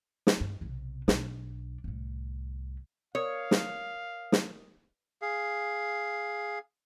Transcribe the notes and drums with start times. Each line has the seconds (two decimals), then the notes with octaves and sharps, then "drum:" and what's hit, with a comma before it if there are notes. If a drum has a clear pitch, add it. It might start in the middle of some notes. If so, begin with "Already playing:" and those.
0.27 drum: snare
0.41 G2
0.61 B1 C3
1.08 B1 D4, drum: snare
1.84 C2 A2
3.15 A#4 C#5 F5 D#6
3.51 drum: snare
4.32 drum: snare
5.22 G#4 F5